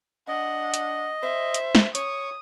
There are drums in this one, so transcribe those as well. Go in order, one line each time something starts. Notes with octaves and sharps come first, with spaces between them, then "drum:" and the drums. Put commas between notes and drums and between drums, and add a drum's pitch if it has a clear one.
D4 D#5 F#5
drum: hi-hat
C5 E5
drum: hi-hat
drum: snare
C#5 C#6 D#6, drum: hi-hat